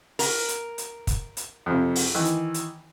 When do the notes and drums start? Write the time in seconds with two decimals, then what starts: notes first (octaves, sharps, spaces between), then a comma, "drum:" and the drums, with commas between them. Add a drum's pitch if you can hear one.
0.19 A#4, drum: open hi-hat
0.48 drum: hi-hat
0.78 drum: hi-hat
1.07 drum: kick, hi-hat
1.37 drum: hi-hat
1.66 F2 C3
1.96 drum: open hi-hat
2.15 D#3 E3
2.25 drum: hi-hat
2.54 drum: hi-hat